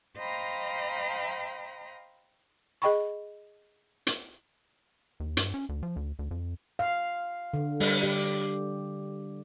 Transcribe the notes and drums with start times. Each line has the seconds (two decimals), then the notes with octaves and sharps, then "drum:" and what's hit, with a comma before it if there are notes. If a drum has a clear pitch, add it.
0.17 C5 D#5 F5 G5 A#5 B5
2.82 G#4 D#5 G5 B5 C#6
4.07 drum: hi-hat
5.20 D#2
5.37 G2, drum: hi-hat
5.54 C#4
5.69 D2
5.83 F3
5.96 D2
6.19 D2
6.31 F2
6.79 F5
7.53 D3
7.80 G3, drum: open hi-hat
8.03 G4